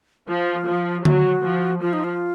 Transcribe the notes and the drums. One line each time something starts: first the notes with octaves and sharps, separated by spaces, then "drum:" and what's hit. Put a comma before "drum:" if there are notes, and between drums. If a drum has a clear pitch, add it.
F3 F4
F3
F#3 F#4, drum: tom D3
F3
F3 F4
D#4
F4